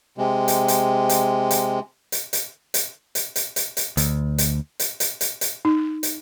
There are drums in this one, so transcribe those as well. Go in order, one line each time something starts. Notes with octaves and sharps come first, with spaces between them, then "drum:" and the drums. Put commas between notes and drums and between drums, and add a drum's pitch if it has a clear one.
C3 G#3
drum: hi-hat
drum: hi-hat
drum: hi-hat
drum: hi-hat
drum: hi-hat
drum: hi-hat
drum: hi-hat
drum: hi-hat
drum: hi-hat
drum: hi-hat
drum: hi-hat
D2, drum: hi-hat
drum: hi-hat
drum: hi-hat
drum: hi-hat
drum: hi-hat
drum: hi-hat
D#4
drum: hi-hat